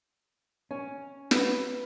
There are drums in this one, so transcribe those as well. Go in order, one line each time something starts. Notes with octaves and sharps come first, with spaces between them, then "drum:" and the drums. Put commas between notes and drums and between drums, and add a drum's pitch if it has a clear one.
C#4
B4, drum: snare